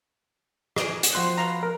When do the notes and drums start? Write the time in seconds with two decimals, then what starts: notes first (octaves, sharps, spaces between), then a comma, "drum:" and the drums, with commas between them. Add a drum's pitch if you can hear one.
0.76 G#4 D5 D#5, drum: rim click
1.03 drum: hi-hat
1.13 F3 C4 F4 F#4 C6 F#6
1.37 B2 F5 A#5
1.63 A#4